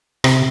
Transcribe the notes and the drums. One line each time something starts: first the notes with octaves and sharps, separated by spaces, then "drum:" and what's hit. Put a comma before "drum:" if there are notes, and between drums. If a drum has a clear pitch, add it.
C3, drum: rim click